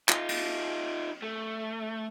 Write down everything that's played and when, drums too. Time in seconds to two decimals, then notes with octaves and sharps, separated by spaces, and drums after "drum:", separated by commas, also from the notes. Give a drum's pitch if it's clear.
0.09 D#4 F4, drum: clap
0.29 drum: cymbal
1.22 A3